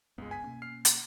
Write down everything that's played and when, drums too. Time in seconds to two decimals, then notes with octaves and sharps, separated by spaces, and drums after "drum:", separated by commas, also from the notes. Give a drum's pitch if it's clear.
0.18 F#1 C#2 G2 G#3 B3
0.31 G#5 B6
0.44 B2 A#3 C#4
0.62 F6 C7
0.85 drum: hi-hat